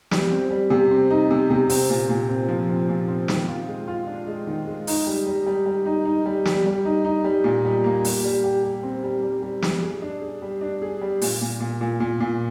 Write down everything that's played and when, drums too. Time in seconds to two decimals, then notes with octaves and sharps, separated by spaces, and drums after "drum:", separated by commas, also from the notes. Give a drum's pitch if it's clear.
0.11 G3, drum: snare
0.31 C4
0.51 G3
0.70 C3
0.91 C4
1.10 D#4
1.31 C3
1.50 C3
1.70 C4, drum: open hi-hat
1.90 A#2
2.09 A#2
2.29 C4
2.49 F3
2.69 C4
2.89 A#2
3.08 C4
3.28 D#3, drum: snare
3.48 F4
3.68 G#3
3.88 F4
4.07 D4
4.27 G#3
4.47 D#3
4.67 G#3
4.87 D#4, drum: open hi-hat
5.07 G3
5.26 G3
5.46 G3
5.66 G3
5.86 D#4
6.05 D#4
6.26 G3
6.45 G3, drum: snare
6.65 G3
6.85 D#4
7.05 D#4
7.24 G3
7.44 A#2
7.65 G3
7.84 A#3
8.05 G3, drum: open hi-hat
8.24 G3
8.44 G4
8.63 G4
8.83 C4
9.04 G3
9.23 G3
9.42 G3
9.62 G3, drum: snare
9.82 G#4
10.02 D4
10.22 G#4
10.42 G3
10.61 D4
10.82 G#4
11.01 G3
11.22 A#2, drum: open hi-hat
11.41 A#2
11.60 A#2
11.81 A#2
12.00 A#2
12.20 A#2